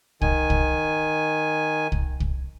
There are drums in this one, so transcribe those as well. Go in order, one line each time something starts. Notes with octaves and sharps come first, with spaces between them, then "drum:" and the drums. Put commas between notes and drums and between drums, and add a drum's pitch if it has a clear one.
D#3 G#5, drum: kick
drum: kick
drum: kick
drum: kick